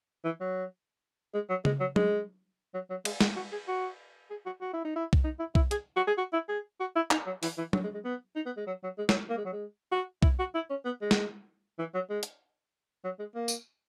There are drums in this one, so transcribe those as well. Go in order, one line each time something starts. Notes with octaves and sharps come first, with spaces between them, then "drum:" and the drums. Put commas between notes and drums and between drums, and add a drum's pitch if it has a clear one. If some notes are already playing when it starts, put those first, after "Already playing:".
E3
F#3
G#3
F#3
G#3, drum: tom C#3
F#3
G#3, drum: tom F#3
F#3
F#3
G#3, drum: cymbal
G#3, drum: snare
F#4
G#4
F#4
G#4
F#4
F#4
E4
D#4
E4
drum: kick B1
D#4
E4
E4, drum: kick B1
G#4, drum: hi-hat
F#4
G#4
F#4
E4
G#4
F#4
E4
D#4, drum: clap
F#3
E3, drum: open hi-hat
E3
F#3, drum: tom F#3
G#3
G#3
B3
D#4
B3
G#3
F#3
F#3
G#3
F#3, drum: snare
A#3
G#3
F#3
G#3
F#4
E4, drum: kick B1
F#4
E4
C#4
B3
G#3
drum: snare
E3
F#3
G#3
drum: hi-hat
F#3
G#3
A#3
drum: tambourine